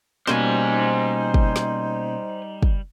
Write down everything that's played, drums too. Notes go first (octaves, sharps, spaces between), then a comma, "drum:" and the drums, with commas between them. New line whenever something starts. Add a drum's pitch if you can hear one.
B2 G3 A#3 C#4 D#4 C5 G#5, drum: snare
drum: kick
drum: snare
drum: kick